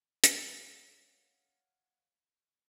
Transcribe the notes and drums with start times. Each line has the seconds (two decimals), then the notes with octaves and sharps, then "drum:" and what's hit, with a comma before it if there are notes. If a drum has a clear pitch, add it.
0.24 C#5 F5 F#5, drum: hi-hat